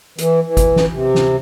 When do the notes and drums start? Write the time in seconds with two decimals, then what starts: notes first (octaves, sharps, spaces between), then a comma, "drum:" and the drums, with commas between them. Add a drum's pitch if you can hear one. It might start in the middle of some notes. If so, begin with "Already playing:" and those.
0.18 E3, drum: hi-hat
0.43 E3
0.57 drum: kick G#1, hi-hat
0.76 drum: snare
0.91 C3
1.15 drum: snare